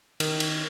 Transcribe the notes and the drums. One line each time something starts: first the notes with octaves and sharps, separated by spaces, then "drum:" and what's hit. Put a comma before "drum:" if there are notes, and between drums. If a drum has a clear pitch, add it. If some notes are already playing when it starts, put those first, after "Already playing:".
D#3, drum: cymbal
drum: cymbal